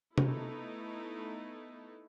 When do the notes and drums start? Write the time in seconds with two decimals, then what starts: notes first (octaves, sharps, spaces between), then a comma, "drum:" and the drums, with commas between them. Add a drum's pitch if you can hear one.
0.18 A3 B3 D#4 E4 A4, drum: tom C3